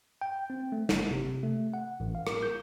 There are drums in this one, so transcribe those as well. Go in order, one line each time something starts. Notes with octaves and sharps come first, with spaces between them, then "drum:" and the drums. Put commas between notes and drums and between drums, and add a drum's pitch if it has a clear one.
G5
C4
A3
G1, drum: snare
C3
A3
F#5
A1
F5
A#4, drum: rim click
G6